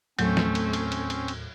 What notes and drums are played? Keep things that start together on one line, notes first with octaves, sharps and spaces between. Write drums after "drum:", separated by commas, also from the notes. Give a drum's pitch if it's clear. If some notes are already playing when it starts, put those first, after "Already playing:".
D#2 A2 F#3 A3 C4 C#4 G6, drum: cymbal
drum: snare
drum: cymbal
drum: cymbal
drum: cymbal
drum: cymbal
drum: cymbal